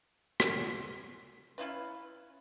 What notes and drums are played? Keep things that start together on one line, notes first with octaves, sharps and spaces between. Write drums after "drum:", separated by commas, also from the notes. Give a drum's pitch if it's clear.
drum: rim click
C#4 E4 F4 B4